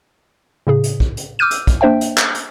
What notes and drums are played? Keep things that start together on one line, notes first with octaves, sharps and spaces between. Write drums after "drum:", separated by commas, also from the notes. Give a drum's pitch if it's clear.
A2 C#3 G#4
drum: hi-hat
drum: kick
drum: hi-hat
D6 E6 F6 G6 D#7
drum: hi-hat
drum: kick, hi-hat
A#3 D4 C5 E5 G5
drum: hi-hat
drum: clap
drum: hi-hat